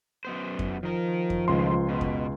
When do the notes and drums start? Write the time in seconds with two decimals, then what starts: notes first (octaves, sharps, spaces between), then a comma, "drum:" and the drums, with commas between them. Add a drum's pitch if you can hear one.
0.25 F#2 B3 C5
0.59 drum: kick F2
0.83 D#3 F3 A#4
1.30 drum: kick F2
1.48 C#2 A2 D#3 C6
1.89 B2
2.01 drum: kick F2